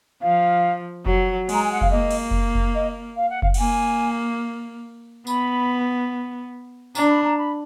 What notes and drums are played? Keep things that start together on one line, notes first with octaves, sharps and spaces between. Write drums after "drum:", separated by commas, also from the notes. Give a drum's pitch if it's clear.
F3 F5
F#3, drum: kick F#1
G#3 A#5, drum: cymbal
G#5
F#5
F5, drum: kick F#1
A#3 D#5
drum: cymbal
drum: kick F#1
drum: kick F#1
D#5
F5
F#5
F5, drum: kick F#1
F#5, drum: cymbal
A#3 G#5
B3 B5, drum: tambourine
D4 A#5, drum: tambourine
B5
A#5
B5